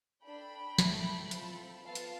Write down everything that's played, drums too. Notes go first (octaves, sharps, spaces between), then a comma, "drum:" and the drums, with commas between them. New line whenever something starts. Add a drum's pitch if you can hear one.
D4 A4 G5 B5
A3 E4 A4, drum: snare
C4 F4 A4, drum: hi-hat
B3 F4 A4 F5 A5
drum: hi-hat